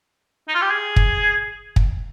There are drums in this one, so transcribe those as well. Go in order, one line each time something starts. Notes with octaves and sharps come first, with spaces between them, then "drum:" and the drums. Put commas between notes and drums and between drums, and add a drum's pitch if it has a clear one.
D#4
F4
G4
G#4
drum: kick
drum: kick